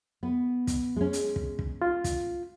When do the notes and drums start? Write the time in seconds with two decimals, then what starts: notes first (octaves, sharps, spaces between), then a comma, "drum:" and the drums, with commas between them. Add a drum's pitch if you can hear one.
0.23 B3
0.67 drum: kick, hi-hat
0.96 G#3 C#4
1.13 drum: hi-hat
1.36 drum: kick
1.59 drum: kick
1.82 F4
2.04 drum: kick, hi-hat